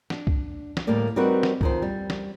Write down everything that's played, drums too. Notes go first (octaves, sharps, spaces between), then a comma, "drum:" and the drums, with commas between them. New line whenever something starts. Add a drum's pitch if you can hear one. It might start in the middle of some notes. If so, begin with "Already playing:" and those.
D4, drum: snare
drum: kick C2
drum: snare
D2 A2 G3 A#3 D5
G3 C4 D#4 F#4 A#4 B4
drum: snare
F2 D#3 C5, drum: kick C2
G3
drum: snare